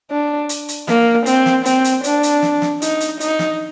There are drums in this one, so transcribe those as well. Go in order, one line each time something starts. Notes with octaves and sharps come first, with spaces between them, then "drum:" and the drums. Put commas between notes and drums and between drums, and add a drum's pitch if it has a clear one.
D4
drum: hi-hat
drum: hi-hat
A#3, drum: snare
C4, drum: hi-hat
drum: snare
C4, drum: hi-hat
drum: hi-hat
D4, drum: hi-hat
drum: hi-hat
drum: snare
drum: snare
D#4, drum: hi-hat
drum: hi-hat
D#4, drum: hi-hat
drum: snare